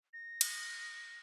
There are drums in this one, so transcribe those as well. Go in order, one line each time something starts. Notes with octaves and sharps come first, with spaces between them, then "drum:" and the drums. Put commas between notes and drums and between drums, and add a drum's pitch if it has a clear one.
A#6
drum: cymbal